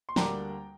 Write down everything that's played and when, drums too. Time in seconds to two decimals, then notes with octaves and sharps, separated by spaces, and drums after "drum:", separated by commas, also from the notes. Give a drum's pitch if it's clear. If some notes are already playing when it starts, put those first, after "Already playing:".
0.09 C6
0.16 D2 D3 G3 A#3 D4 G5 A#5, drum: snare